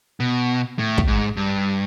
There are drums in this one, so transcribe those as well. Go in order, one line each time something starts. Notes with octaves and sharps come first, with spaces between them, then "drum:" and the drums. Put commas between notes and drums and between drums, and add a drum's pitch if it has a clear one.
B2
A2
drum: kick
G#2
G2